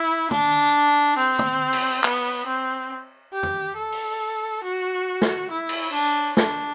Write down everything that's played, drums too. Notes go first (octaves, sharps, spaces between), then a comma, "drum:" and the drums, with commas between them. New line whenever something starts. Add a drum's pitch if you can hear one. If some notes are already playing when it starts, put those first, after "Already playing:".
Already playing: E4
D4, drum: tom
C4, drum: open hi-hat
drum: tom
drum: cymbal
B3, drum: clap
C4
G4
drum: tom
A4
drum: open hi-hat
F#4
drum: snare
E4
drum: cymbal
D4
D4, drum: snare